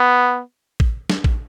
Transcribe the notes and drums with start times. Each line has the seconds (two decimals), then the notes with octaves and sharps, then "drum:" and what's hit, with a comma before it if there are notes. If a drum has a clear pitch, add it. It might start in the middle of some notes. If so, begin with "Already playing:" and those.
Already playing: B3
0.80 drum: kick A1
1.10 drum: snare
1.24 drum: kick A1